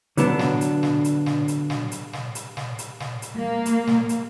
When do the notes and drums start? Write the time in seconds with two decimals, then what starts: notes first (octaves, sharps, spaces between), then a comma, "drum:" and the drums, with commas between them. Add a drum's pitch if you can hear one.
0.17 D3 F#3 B3 D4, drum: hi-hat
0.39 drum: snare
0.61 drum: hi-hat
0.83 drum: snare
1.04 drum: hi-hat
1.26 drum: snare
1.48 drum: hi-hat
1.70 drum: snare
1.92 drum: hi-hat
2.13 drum: snare
2.35 drum: hi-hat
2.57 drum: snare
2.79 drum: hi-hat
3.00 drum: snare
3.22 drum: hi-hat
3.36 A#3
3.66 drum: hi-hat
3.87 drum: snare
4.09 drum: hi-hat